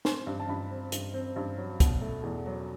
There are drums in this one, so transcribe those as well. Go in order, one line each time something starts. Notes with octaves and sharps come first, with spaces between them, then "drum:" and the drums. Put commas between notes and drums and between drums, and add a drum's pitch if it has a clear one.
C4 C6, drum: snare
G2
A5
G2 B5
C4
G2, drum: hi-hat
C4
G2
F#3
B2, drum: kick, hi-hat
A3
E2
F#3